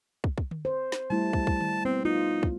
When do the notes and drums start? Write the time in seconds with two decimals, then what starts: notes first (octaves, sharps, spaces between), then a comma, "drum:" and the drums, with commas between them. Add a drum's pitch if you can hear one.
0.24 drum: kick
0.38 drum: kick
0.51 drum: tom D3
0.65 C5
0.92 drum: snare
1.10 G3 A3 E4 A5
1.33 drum: kick
1.47 drum: kick
1.61 drum: tom D3
1.85 B3 C4
2.05 D#4 F4
2.43 drum: kick